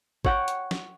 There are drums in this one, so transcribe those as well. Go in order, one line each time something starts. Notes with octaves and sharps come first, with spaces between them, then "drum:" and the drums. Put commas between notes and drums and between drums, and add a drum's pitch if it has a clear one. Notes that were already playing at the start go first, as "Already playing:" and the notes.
C#5 F#5 G5, drum: kick
drum: hi-hat
drum: snare